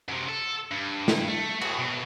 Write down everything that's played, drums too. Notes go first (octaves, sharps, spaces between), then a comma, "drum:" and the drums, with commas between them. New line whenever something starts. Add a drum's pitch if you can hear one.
F#2 C3
A4
G2
drum: snare
A3
F#4 G#4, drum: cymbal
B2